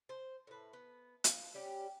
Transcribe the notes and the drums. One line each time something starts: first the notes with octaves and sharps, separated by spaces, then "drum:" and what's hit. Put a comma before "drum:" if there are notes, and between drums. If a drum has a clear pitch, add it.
C5
A2 B4
B3
F3 F5, drum: hi-hat
G3 C#4 G4